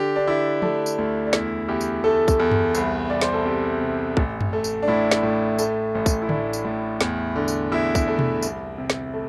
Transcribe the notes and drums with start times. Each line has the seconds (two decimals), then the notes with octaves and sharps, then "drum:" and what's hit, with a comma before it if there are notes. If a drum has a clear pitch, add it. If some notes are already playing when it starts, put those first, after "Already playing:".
Already playing: D3 G4
0.16 D4
0.27 D3 E4
0.62 A3 D4, drum: tom
0.86 drum: tambourine
0.98 D2
1.27 D4
1.33 E2 E4, drum: snare
1.68 E2 G4
1.81 drum: tambourine
2.04 A3 A4
2.28 drum: kick, tambourine
2.40 E2
2.52 drum: tom F#2
2.75 C2, drum: tambourine
3.10 C2 D5
3.21 C5, drum: snare
3.34 A4
3.45 C3 G4
3.81 C3
4.17 A1, drum: kick
4.41 drum: tom F#2
4.53 A3
4.64 drum: tambourine
4.82 D4
4.88 A2 E4
5.11 drum: snare
5.23 A2
5.59 A3, drum: tambourine
5.95 A1
6.06 drum: kick, tambourine
6.22 E4
6.29 A2 D4, drum: tom D3
6.53 drum: tambourine
6.65 A2
7.01 E2, drum: snare
7.36 D3
7.48 drum: tambourine
7.72 E2 E4
7.95 drum: kick, tambourine
8.07 A3
8.19 drum: tom B2
8.43 C2, drum: tambourine
8.78 C3
8.90 drum: snare
9.14 A3